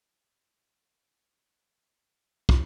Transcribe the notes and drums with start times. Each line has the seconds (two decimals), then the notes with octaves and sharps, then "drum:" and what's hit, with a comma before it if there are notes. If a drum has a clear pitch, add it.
0.16 C4 C#5
2.49 drum: kick